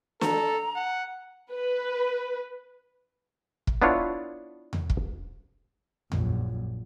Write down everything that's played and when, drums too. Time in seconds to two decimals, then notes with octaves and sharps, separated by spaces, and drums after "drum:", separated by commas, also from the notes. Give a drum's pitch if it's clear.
0.21 A4 A#5, drum: snare
0.75 F#5
1.53 B4
3.67 drum: kick
3.82 B3 D4 E4 F4 C#5
4.73 drum: tom E2
4.90 drum: kick
6.12 A#1 F#2, drum: tom E2